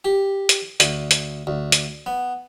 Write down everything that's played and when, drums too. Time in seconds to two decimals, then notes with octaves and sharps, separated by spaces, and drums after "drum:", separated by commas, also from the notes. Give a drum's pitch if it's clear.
0.05 G4
0.49 drum: hi-hat
0.80 D2, drum: hi-hat
1.11 drum: hi-hat
1.47 D2
1.72 drum: hi-hat
2.06 B3